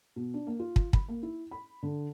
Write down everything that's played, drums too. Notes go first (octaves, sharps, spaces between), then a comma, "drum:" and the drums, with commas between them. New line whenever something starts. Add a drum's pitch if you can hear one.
B2
D4
A#3
F4
drum: kick
B5, drum: kick
A#3
E4
B5
D3